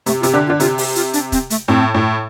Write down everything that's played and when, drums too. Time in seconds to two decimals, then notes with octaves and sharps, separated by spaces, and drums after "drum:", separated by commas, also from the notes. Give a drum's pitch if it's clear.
0.06 C3 A3, drum: hi-hat
0.21 F4
0.23 C3, drum: hi-hat
0.33 D3 G4
0.47 F4
0.50 D3
0.60 C3 F4, drum: hi-hat
0.78 G4, drum: open hi-hat
0.96 F4, drum: hi-hat
1.13 D4, drum: hi-hat
1.32 C4, drum: kick, hi-hat
1.50 A3, drum: hi-hat
1.68 A2 C4
1.94 A2